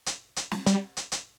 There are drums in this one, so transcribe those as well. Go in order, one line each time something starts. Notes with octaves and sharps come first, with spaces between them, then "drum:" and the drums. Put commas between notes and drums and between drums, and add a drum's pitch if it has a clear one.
drum: hi-hat
drum: hi-hat
drum: snare
G3, drum: hi-hat
drum: hi-hat
drum: hi-hat